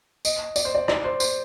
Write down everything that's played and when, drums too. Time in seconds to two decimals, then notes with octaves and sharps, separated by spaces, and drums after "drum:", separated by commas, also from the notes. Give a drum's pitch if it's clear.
0.25 D#5, drum: tambourine
0.56 D5, drum: tambourine
0.65 C5
0.75 D5
0.88 D5, drum: rim click
1.04 C5
1.20 C5, drum: tambourine